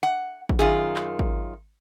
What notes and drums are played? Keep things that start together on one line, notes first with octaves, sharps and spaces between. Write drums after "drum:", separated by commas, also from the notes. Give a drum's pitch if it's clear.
F#5
drum: kick
F#2 D#3 F4 G#4
drum: clap
drum: kick